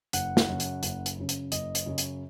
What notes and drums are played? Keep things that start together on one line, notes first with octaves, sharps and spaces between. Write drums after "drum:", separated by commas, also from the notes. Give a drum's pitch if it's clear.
F#1 F#5, drum: hi-hat
drum: snare
F#2 C#3
drum: hi-hat
F#1, drum: hi-hat
drum: hi-hat
F#2 C#3
drum: hi-hat
F#1 D#5, drum: hi-hat
drum: hi-hat
F#2 C#3
drum: hi-hat